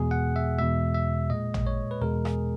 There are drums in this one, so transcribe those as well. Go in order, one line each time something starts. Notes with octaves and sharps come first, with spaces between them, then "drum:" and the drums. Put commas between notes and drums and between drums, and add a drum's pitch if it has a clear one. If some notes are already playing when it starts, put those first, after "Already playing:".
Already playing: E2 B2 G#3 G#4
F#5
E5
E2 B2 G#3 E5
E5
A#2 G#3 D#5
drum: tom
C#5
B4
E2 B2 G#3 A#4
G#4, drum: rim click